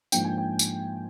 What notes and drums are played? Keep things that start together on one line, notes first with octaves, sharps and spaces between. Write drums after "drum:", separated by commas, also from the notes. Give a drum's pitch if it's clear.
G#2 F3 A#3 D4 G5, drum: tambourine
G#5
G5
drum: tambourine